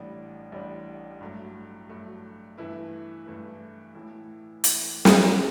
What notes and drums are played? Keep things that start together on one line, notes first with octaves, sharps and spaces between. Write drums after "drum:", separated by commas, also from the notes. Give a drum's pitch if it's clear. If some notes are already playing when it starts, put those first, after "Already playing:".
Already playing: A1 A2 G3 D4
A1 A2 G3 D4
G2 F#3 A3
G2 F#3 A3
G2 E3 A3 E4 B4
G2 E3 A3 E4 B4
A2 E3 A3 E4
A2 E3 A3 E4, drum: hi-hat
drum: snare
C3 G3